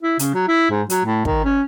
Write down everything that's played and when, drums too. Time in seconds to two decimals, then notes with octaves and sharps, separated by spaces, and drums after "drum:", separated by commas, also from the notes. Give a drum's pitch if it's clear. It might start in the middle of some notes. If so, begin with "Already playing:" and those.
0.03 E4
0.19 C#3, drum: hi-hat
0.34 F#3
0.48 E4
0.70 G#2
0.90 F#3, drum: hi-hat
1.05 A2
1.25 D#3, drum: kick
1.44 C#4